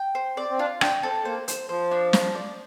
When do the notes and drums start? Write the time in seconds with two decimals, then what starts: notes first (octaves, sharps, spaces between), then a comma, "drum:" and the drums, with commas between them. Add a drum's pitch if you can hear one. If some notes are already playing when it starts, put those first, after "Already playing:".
Already playing: G5
0.15 C5
0.37 C4 D5
0.50 C4
0.59 D4 F4
0.81 D4 G5, drum: rim click
1.03 C4 A4
1.25 A#3 C5
1.48 C5, drum: hi-hat
1.69 F3 C5
1.91 D4
2.13 F4, drum: snare
2.35 D5